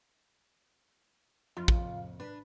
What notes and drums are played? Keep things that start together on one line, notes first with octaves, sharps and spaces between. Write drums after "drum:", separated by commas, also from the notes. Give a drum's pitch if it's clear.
F2 F4
drum: kick
D4 B4